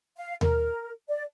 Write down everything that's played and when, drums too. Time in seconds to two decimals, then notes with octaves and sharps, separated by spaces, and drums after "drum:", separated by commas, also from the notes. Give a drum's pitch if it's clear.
0.17 F5
0.41 A#4, drum: tom D#2
1.08 D5